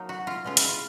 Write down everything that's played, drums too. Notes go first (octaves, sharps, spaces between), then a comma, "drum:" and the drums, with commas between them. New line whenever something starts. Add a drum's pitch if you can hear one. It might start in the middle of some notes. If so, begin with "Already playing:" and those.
Already playing: F#3 A#3 D#4
F#4
F4
B2 G#3 C#4 F4
E4, drum: hi-hat
F4